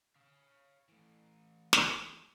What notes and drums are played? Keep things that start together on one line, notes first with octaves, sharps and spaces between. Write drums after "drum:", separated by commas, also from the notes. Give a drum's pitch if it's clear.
C#5 F5
E3 A3
drum: snare